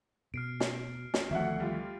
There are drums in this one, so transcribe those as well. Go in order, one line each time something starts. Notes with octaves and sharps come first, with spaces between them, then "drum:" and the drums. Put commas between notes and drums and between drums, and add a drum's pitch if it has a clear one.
B2 F6 C7 D7
drum: snare
drum: snare
D2 B2 D#3 F3 C4 E5 F#5
G3 F4